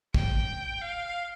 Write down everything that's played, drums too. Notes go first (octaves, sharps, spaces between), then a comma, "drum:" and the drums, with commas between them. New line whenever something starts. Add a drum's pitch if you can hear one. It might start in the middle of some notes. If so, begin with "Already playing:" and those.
G5, drum: kick
F5